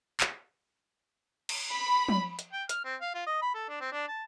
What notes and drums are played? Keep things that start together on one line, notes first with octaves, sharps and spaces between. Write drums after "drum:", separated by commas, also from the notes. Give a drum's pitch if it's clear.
drum: clap
drum: cymbal
B5
drum: tom F3
drum: hi-hat
G5
F6, drum: hi-hat
C4
F5
F4
D#5
B5
A4
D4
C4
D4
A5